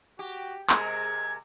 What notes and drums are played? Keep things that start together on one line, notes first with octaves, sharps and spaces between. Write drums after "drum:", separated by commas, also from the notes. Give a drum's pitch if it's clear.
F#4 G4
C3 G#3 A#4 G#6, drum: clap